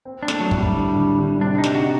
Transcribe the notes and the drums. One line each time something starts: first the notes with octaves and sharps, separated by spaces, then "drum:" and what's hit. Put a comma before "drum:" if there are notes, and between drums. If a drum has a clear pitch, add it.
C4
D4
A3, drum: snare
F#3
A2, drum: kick
G3
D3
D3
D3
C3 D4
D#4
C3, drum: snare
F#4